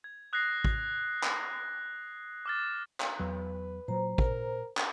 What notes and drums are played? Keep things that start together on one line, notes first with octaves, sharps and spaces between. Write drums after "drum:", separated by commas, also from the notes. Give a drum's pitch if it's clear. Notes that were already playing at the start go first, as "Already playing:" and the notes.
G#6
D#6 F#6 G#6 A#6 C7
drum: kick A1
drum: clap
D6 F6 A6
drum: clap
E2 F#3 B4
A#2 F#3 C5 A#5
A#2 A#4, drum: kick A1
drum: clap